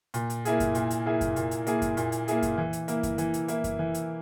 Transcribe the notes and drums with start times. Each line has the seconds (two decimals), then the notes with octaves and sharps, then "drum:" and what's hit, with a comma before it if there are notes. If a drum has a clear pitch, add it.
0.14 A#2, drum: hi-hat
0.30 drum: hi-hat
0.45 A#3 E4 G#4, drum: hi-hat
0.60 drum: kick F#2, hi-hat
0.75 A#2, drum: hi-hat
0.90 drum: hi-hat
1.06 A#3 E4 G#4
1.21 drum: kick F#2, hi-hat
1.36 A#2, drum: hi-hat
1.51 drum: hi-hat
1.67 A#3 E4 G#4, drum: hi-hat
1.82 drum: kick F#2, hi-hat
1.97 A#2, drum: hi-hat
2.12 drum: hi-hat
2.28 A#3 E4 G#4, drum: hi-hat
2.42 drum: kick F#2, hi-hat
2.58 E3
2.73 drum: hi-hat
2.88 A#3 E4, drum: hi-hat
3.03 drum: kick F#2, hi-hat
3.18 E3, drum: hi-hat
3.34 drum: hi-hat
3.48 A#3 E4, drum: hi-hat
3.64 drum: kick F#2, hi-hat
3.79 E3
3.94 drum: hi-hat